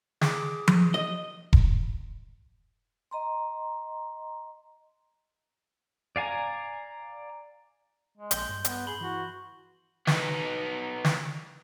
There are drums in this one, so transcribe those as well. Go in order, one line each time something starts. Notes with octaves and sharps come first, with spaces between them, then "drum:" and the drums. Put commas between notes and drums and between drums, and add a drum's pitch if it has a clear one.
G#4 D6, drum: snare
drum: tom F3
D#5
drum: kick E1
D#5 A#5 C6
D5 F5 G#5 A#5
G#3
A#1 C6 G6 G7, drum: hi-hat
G2
B3, drum: hi-hat
G#4 B5 F#7 G7
E3 F#4
B3 D#4, drum: snare
drum: snare